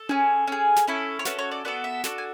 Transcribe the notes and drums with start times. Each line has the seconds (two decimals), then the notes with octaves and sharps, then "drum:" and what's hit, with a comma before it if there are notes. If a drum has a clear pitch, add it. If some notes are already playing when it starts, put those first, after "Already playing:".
Already playing: A4
0.09 C#4 G#4, drum: tom C#4
0.47 C#4 G#4
0.76 drum: snare
0.87 C#4 E4 A4
1.19 C#5
1.25 C#4 F#4 A4 B4, drum: snare
1.39 C#5
1.51 D5
1.65 B3 F#4 A4 D5
1.84 E5
2.04 D4 F#4 A4, drum: snare
2.18 G#5